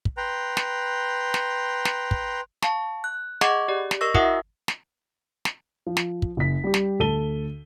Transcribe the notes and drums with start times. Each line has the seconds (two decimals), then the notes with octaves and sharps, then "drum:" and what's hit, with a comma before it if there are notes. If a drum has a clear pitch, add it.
0.05 drum: kick
0.17 B4 G5 A#5 C6
0.57 drum: snare
1.34 drum: snare
1.85 drum: snare
2.11 drum: kick
2.62 F5 A5 C#6, drum: snare
3.04 F#6
3.41 G#4 D#5 F#5 C#6 D6 G#6, drum: snare
3.68 G4 D5
3.91 drum: snare
4.01 A#4 D#5 C#6 E6 A#6
4.14 E4 F#4 A#4 E5 F#5 D#6, drum: kick
4.68 drum: snare
5.45 drum: snare
5.86 F3
5.97 drum: snare
6.22 drum: kick
6.37 F#1 B6
6.64 G3 G4
6.74 drum: snare
6.99 D2 A4 D#7 G7